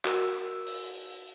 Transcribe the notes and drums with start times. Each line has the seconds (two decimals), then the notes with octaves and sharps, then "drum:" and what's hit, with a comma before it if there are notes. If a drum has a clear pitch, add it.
0.05 F#4 A#4 E6, drum: clap
0.67 drum: open hi-hat